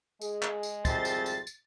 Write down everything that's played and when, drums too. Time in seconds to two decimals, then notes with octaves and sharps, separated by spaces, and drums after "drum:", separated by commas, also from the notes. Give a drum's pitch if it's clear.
0.21 G#3 G#4, drum: tambourine
0.42 drum: clap
0.63 drum: tambourine
0.85 G#1 F2 G3 G#4 C5 E5 A6, drum: kick, tambourine
1.05 drum: tambourine
1.26 drum: tambourine
1.47 drum: tambourine